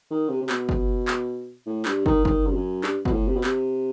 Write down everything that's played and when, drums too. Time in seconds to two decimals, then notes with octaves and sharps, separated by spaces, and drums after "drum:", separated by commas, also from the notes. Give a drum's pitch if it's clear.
0.11 D#3
0.29 C3
0.42 C3
0.49 B2, drum: clap
0.69 drum: kick
1.08 drum: clap
1.66 A2
1.85 G2, drum: clap
2.06 D#3, drum: kick
2.25 D#3, drum: kick
2.47 G2
2.54 F#2
2.84 G2, drum: clap
3.05 B2, drum: kick
3.13 A2
3.28 C3
3.36 B2
3.44 C3, drum: clap